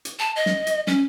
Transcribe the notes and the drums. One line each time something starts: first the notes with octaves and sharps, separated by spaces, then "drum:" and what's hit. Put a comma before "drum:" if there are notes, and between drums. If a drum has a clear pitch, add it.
drum: hi-hat
A5
D#5
drum: snare
drum: hi-hat
C#4, drum: snare